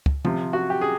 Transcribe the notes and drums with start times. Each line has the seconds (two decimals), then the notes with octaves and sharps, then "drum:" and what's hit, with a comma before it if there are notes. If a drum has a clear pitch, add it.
0.06 drum: kick
0.25 C3 F3, drum: tom
0.53 F#4
0.70 G4
0.81 G#4